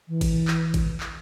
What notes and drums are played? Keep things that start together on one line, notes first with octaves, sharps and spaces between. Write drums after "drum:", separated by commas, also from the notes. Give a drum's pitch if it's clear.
E3
drum: kick G#1, cymbal
drum: clap
drum: kick G#1, cymbal
drum: clap